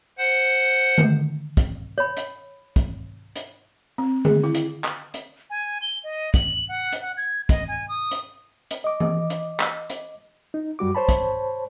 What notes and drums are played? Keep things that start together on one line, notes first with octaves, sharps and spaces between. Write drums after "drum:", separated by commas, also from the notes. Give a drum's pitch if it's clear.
C5 F#5
drum: tom D3
drum: kick, hi-hat
C#5 B5
drum: hi-hat
drum: kick, hi-hat
drum: hi-hat
C4
G#4, drum: tom D3
E4
drum: hi-hat
drum: clap
drum: hi-hat
G#5
G7
D#5
F#7, drum: kick, hi-hat
F#5
drum: hi-hat
F#5
G#6
D#5, drum: kick, hi-hat
G#5
D#6
drum: hi-hat
drum: hi-hat
D#5 D6
drum: tom E3
drum: hi-hat
drum: clap
drum: hi-hat
D#4
F#2 G3 F#4 D6
C5 C#5 A5 B5
drum: kick, hi-hat